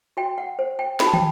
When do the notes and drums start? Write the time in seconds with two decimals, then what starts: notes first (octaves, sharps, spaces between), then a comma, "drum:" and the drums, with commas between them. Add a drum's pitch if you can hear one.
0.17 F#4 G5
0.38 F#5
0.59 C5
0.79 G5
1.00 F#4 B5, drum: snare
1.07 A5
1.13 G5, drum: tom